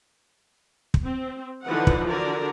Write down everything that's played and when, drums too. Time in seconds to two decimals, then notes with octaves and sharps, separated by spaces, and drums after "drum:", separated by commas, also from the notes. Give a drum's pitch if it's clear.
0.94 drum: kick
1.04 C4
1.64 D3 E3 F3 D#4 B4 F#5
1.87 drum: kick
2.06 D3 F#4 A#4 D5